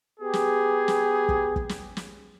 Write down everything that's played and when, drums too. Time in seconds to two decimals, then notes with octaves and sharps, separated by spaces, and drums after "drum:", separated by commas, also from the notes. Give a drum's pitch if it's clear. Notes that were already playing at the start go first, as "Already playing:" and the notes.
0.20 B3 G4 G#4
0.33 drum: snare
0.88 drum: snare
1.29 drum: kick
1.56 drum: kick
1.69 drum: snare
1.97 drum: snare